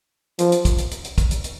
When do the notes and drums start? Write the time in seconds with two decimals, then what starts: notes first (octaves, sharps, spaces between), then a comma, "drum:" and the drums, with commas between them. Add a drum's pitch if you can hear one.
0.39 F3, drum: hi-hat
0.52 drum: hi-hat
0.65 drum: kick, hi-hat
0.78 drum: hi-hat
0.91 drum: hi-hat
1.05 drum: hi-hat
1.18 drum: kick, hi-hat
1.31 drum: hi-hat
1.44 drum: hi-hat